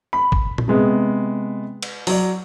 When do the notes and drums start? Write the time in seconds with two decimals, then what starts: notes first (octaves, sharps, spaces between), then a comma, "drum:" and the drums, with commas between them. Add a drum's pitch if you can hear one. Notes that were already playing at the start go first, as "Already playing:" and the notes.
0.13 B5
0.32 drum: kick
0.58 drum: tom A#2
0.68 C3 G#3 B3
1.83 drum: cymbal
2.07 F#3 D5, drum: open hi-hat